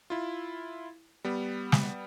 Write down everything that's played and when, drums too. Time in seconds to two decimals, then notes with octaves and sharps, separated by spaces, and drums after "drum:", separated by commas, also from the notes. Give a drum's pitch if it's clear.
0.10 E4 F4
1.25 G3 B3
1.72 drum: snare